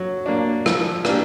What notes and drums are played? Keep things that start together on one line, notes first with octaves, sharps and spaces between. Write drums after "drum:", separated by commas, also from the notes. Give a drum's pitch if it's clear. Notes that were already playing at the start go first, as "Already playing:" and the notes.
Already playing: F#3
A#3 D4
F3, drum: rim click
A#3 D4 G4, drum: rim click